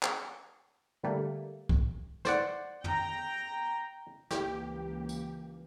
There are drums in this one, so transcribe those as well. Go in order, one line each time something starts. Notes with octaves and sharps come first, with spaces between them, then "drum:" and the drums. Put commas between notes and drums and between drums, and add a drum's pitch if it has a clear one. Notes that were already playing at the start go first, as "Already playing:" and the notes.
drum: clap
D3 G3 A3 A#3
drum: kick C2
C5 D5 F#5, drum: snare
G5 A#5, drum: tom
C#2 E3 A#3 G4, drum: snare
drum: tambourine